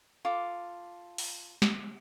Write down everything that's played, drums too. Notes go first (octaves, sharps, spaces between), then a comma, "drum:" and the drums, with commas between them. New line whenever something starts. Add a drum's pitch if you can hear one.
F4 A4 D6
drum: open hi-hat
drum: snare